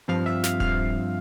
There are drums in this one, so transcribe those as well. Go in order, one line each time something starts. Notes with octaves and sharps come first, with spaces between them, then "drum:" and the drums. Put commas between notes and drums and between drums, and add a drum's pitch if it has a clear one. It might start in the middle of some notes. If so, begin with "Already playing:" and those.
G2 F3 C4 F5
E5
F5, drum: snare
F5, drum: kick D#1